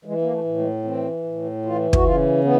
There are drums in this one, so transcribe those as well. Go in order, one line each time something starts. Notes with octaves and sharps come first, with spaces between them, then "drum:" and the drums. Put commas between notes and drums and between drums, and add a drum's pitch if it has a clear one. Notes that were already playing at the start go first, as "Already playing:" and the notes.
E3 G#3
A#3
A3
A2
G#3
E3 C4
A2
E3 F4
F#4, drum: kick
C#3 F4
E3 B3